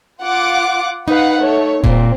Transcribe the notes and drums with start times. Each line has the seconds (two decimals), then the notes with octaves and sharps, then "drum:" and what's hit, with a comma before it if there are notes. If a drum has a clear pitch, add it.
0.23 F4 F#5 D6
1.08 D#4 B4 F5 F#5
1.40 A3 C#5
1.84 A#2 C4, drum: kick E1